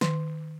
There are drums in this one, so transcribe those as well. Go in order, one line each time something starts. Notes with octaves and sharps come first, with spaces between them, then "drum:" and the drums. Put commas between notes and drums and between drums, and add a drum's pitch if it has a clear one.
D#3, drum: snare